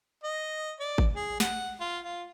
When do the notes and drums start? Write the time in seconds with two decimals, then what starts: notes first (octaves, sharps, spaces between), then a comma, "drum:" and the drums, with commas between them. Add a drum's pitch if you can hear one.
0.24 D#5
0.80 D5
0.98 drum: kick G#1
1.16 G#4
1.40 F#5, drum: snare
1.80 F4
2.04 F4